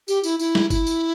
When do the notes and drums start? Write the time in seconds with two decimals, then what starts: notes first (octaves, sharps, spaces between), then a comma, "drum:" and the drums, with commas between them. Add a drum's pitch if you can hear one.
0.08 G4, drum: tambourine
0.24 E4, drum: tambourine
0.39 E4, drum: tambourine
0.55 drum: snare G3
0.70 E4, drum: kick, tambourine
0.87 drum: tambourine